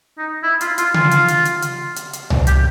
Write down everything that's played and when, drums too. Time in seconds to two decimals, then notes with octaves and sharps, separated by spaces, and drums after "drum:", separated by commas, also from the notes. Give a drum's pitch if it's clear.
0.18 D#4
0.43 E4
0.61 F4, drum: hi-hat
0.78 F4, drum: hi-hat
0.94 F4, drum: tom C#3
1.11 drum: hi-hat
1.28 drum: hi-hat
1.45 drum: hi-hat
1.62 drum: hi-hat
1.96 drum: hi-hat
2.13 drum: hi-hat
2.30 drum: tom C2
2.47 G4, drum: hi-hat